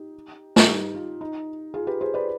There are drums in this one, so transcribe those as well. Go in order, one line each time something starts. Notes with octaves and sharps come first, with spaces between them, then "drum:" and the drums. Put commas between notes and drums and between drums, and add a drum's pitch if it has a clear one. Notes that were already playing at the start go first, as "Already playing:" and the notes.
Already playing: D#4 G4
drum: snare
D#4 G4
F4
D#4
F4 G#4
G4 B4
G#4 C5
B4 D5